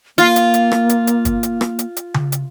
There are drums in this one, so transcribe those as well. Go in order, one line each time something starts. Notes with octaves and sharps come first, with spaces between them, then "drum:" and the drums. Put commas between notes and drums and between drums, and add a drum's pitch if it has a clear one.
A#3 F4, drum: hi-hat
drum: hi-hat
drum: hi-hat
drum: rim click
drum: hi-hat
drum: hi-hat
drum: kick, hi-hat
drum: hi-hat
drum: rim click
drum: hi-hat
drum: hi-hat
drum: tom C#3
drum: hi-hat